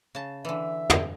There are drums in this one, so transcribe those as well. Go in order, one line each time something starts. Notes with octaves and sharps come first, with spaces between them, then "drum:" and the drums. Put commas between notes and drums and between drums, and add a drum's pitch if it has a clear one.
C#3 A5
D3 E3 E5
drum: tom